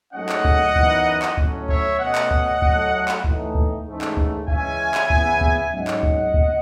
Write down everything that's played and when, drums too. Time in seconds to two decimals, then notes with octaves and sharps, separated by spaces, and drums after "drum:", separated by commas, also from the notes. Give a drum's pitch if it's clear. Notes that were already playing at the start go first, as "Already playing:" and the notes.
0.14 G#2 F#3 A3 C#4 D#5 F#5
0.29 drum: clap
0.45 drum: kick D2
0.76 F#2 E3 B3 D#4, drum: kick D2
1.22 drum: clap
1.37 A2 F#3 C#4, drum: kick D2
1.69 C#5 E5, drum: kick D2
1.99 B2 A3 C#4 D#5 F#5
2.15 drum: clap
2.31 drum: kick D2
2.62 A2 F#3 A3, drum: kick D2
3.08 drum: clap
3.24 A2 E3 A3 D#4, drum: kick D2
3.55 drum: kick D2
3.86 G#2 E3 A3 C#4
4.01 drum: clap
4.17 drum: kick D2
4.48 C#3 E3 G#3 C#4 E5 G#5, drum: kick D2
4.94 drum: clap
5.10 E2 C#3 E3 B3, drum: kick D2
5.41 drum: kick D2
5.72 G#2 F#3 C#4 D#5 F#5
5.88 drum: clap
6.03 drum: kick D2
6.34 drum: kick D2